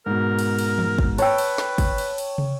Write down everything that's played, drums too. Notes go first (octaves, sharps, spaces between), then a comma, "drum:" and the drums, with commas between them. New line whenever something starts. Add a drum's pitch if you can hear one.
G#2 B2 A#4
drum: cymbal
drum: cymbal
drum: tom E3
drum: kick
B4 C#5 G5 A5 E6, drum: cymbal
drum: cymbal
drum: snare
drum: kick, cymbal
drum: cymbal
drum: cymbal
drum: tom